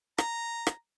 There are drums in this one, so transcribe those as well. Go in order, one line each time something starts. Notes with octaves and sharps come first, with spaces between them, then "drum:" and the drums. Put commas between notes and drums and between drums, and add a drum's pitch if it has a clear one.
A#5, drum: rim click
drum: rim click